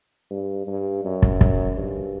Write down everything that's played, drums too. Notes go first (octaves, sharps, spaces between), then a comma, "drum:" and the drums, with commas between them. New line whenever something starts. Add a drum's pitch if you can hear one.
G2
G2
F#2
drum: kick
drum: kick
G2